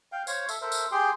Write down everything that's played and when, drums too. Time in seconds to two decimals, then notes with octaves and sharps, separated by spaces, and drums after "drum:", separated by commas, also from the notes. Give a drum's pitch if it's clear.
0.12 F5 G5
0.27 C5 C#5 F5, drum: tambourine
0.49 A4 E5, drum: tambourine
0.61 A4 A#4 C5 E5
0.72 drum: tambourine
0.92 G4 G#4 G5 C6